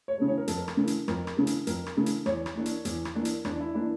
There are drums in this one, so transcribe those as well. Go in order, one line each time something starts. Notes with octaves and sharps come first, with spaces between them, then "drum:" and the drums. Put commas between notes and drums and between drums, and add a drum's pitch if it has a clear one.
C#5
C#3 E3 A3
C#5
A#4
F2 A4, drum: hi-hat
A#4
drum: rim click
C#3 E3 A3
drum: hi-hat
F2 A#4, drum: rim click
drum: rim click
C#3 E3 A3
drum: hi-hat
F2 A#4, drum: hi-hat
drum: rim click
C#3 E3 A3
drum: hi-hat
E2 C#5, drum: rim click
drum: rim click
E3 A#3 D4
drum: hi-hat
E2, drum: hi-hat
drum: rim click
E3 A#3 D4
drum: hi-hat
E2 D4, drum: rim click
E4
E3 A#3 D4 E4